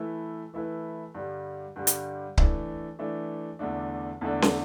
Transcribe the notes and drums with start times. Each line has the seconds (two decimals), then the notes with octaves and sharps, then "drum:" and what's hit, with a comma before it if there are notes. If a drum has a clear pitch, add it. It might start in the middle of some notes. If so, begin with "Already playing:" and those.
Already playing: E3 A3 E4 B4
0.54 E3 A3 E4 B4
1.15 G2 D3 G3
1.76 G2 D3 G3
1.87 drum: hi-hat
2.38 E3 A3 D4, drum: kick C#1
2.99 E3 A3 D4
3.59 E2 D3 A3 D4
4.21 E2 D3 A3 D4
4.42 drum: snare